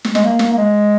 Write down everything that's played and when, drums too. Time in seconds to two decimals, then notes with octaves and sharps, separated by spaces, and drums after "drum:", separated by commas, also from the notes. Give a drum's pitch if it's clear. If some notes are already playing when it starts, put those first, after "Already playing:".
0.05 drum: snare
0.15 G#3, drum: snare
0.25 A#3
0.39 drum: snare
0.53 A#3
0.57 G#3